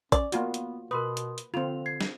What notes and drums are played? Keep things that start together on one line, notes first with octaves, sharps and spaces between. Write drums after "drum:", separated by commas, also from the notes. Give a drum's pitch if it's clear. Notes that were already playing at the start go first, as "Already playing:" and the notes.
C#4 D5, drum: kick, hi-hat
A#3 B3 F4 F#4, drum: hi-hat
drum: hi-hat
B2 A#4 B4 C6 D#6
drum: hi-hat
drum: hi-hat
D3 C4 F4 F7
G#6 C7
drum: snare